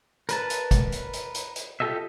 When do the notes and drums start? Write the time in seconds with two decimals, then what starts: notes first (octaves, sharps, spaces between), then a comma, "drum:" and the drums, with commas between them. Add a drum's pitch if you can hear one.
0.29 A#4 B4 A5, drum: hi-hat
0.50 drum: hi-hat
0.71 drum: kick, hi-hat
0.92 drum: hi-hat
1.13 drum: hi-hat
1.35 drum: hi-hat
1.56 drum: hi-hat
1.80 F4 G4 A4 D#5 E5